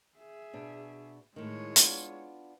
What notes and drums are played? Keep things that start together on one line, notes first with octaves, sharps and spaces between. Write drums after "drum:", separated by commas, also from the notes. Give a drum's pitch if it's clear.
G#4 E5
B2 D4
A2 D#3 G#3 C#5
B3 D4 F4, drum: hi-hat